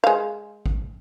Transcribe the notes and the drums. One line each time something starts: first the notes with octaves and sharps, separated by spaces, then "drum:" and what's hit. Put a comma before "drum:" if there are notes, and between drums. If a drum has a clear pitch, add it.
G#3 F5
drum: kick